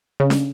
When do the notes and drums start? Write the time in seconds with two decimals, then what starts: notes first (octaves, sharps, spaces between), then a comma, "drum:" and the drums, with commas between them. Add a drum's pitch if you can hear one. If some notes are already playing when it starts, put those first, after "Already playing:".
0.20 C#3
0.30 drum: snare D4